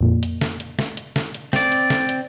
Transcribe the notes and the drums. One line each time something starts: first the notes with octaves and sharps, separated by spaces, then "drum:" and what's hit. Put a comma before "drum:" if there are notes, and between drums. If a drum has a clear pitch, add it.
F2 A#2
drum: hi-hat
drum: snare
drum: hi-hat
drum: snare
drum: hi-hat
drum: snare
drum: hi-hat
C4 D5, drum: snare
drum: hi-hat
drum: snare
drum: hi-hat